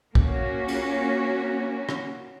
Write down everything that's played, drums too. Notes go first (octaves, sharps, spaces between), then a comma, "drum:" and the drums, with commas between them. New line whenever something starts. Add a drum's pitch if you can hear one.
A#3 C#4 F#4, drum: kick
drum: cymbal
drum: rim click